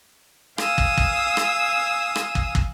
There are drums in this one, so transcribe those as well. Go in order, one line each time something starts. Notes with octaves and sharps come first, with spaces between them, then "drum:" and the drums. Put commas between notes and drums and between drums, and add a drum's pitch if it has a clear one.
F5 G#5 D#6 E6, drum: rim click
drum: kick
drum: kick
drum: rim click
drum: rim click
drum: kick
drum: kick